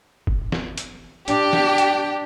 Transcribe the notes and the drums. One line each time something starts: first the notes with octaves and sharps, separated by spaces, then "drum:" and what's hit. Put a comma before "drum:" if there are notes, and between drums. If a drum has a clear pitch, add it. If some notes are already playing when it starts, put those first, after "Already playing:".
drum: kick
drum: snare
drum: hi-hat
D4 G4 G5, drum: hi-hat
drum: snare
drum: hi-hat